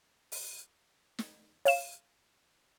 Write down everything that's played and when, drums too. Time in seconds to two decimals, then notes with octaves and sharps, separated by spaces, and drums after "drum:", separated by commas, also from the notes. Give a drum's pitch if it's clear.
0.32 drum: open hi-hat
1.19 drum: snare
1.65 C#5 F5 E7, drum: open hi-hat